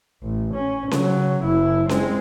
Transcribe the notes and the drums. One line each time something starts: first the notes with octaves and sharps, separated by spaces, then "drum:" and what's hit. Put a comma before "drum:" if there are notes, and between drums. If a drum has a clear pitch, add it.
A1
C#4
C#3 F#3, drum: snare C#4
F#1 E4
G#3 C4, drum: snare C#4